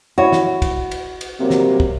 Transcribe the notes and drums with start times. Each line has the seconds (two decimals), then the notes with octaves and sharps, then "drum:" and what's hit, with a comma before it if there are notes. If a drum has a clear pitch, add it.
0.18 E4 F#4 C#5
0.32 drum: snare
0.62 drum: kick, cymbal
0.91 drum: cymbal
1.21 drum: cymbal
1.40 C3 F#3 G3 A#3
1.50 drum: snare
1.80 drum: kick